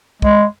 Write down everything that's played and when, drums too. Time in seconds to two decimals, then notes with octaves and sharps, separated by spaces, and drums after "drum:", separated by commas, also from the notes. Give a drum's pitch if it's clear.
0.22 G#3, drum: kick